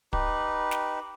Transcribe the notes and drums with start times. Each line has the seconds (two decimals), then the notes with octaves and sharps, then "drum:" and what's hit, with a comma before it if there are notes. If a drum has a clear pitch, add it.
0.13 D#4 G4 B4, drum: kick
0.71 drum: snare